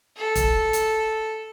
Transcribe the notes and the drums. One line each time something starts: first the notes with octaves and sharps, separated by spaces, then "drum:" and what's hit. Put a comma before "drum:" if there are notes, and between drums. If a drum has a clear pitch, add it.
A4
drum: kick E1, hi-hat
drum: hi-hat